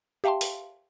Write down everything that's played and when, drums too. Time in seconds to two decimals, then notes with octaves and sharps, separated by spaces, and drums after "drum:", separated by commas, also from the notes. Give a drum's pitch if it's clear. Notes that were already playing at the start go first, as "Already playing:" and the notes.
0.24 G4 E5 F5 G5 A5 C6
0.41 drum: open hi-hat